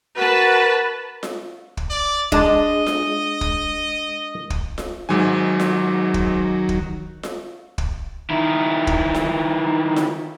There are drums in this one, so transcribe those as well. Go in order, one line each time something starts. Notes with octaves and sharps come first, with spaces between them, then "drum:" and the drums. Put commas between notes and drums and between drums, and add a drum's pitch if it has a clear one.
F#4 A#4 B4 A5
drum: snare F4
drum: kick
D5
G#3 D4 D#5 A5, drum: kick
drum: snare F4
drum: kick
drum: kick
drum: snare F4
G#1 G#2 D#3 F#3 G#5
drum: snare F4
drum: kick
drum: kick
drum: snare F4
drum: kick
D#3 E4
drum: kick
drum: snare F4
drum: snare F4